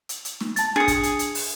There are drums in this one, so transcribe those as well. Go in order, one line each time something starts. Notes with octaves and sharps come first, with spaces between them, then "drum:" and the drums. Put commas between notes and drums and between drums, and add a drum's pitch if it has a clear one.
drum: hi-hat
drum: hi-hat
drum: snare
A5 A6, drum: hi-hat
D4 G#4 D#6 C#7
drum: kick, hi-hat
drum: hi-hat
drum: hi-hat
drum: open hi-hat